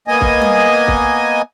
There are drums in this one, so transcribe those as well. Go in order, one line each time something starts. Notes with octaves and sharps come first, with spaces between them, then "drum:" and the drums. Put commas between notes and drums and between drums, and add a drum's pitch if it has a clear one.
A#3 B3 D#5 G#5
drum: kick
drum: tom G3
drum: kick